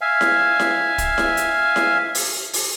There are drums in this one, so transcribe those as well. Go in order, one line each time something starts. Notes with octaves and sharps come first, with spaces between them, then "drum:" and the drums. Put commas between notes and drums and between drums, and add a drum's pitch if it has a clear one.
E5 F5 G#5
drum: snare E4
drum: snare E4
drum: kick, hi-hat
drum: snare E4
drum: hi-hat
drum: snare E4
drum: open hi-hat
drum: open hi-hat